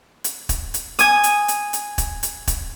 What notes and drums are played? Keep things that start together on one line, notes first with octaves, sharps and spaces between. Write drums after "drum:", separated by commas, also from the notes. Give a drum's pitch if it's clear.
drum: hi-hat
drum: kick, hi-hat
drum: hi-hat
G#5 D#6, drum: hi-hat
drum: hi-hat
drum: hi-hat
drum: hi-hat
drum: kick, hi-hat
drum: hi-hat
drum: kick, hi-hat